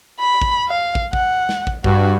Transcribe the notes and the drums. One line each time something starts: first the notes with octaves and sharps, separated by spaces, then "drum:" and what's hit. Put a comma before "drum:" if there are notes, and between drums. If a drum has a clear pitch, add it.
B5
drum: kick
F5
drum: kick
F#5, drum: kick
drum: snare
drum: kick
G2 F#4, drum: kick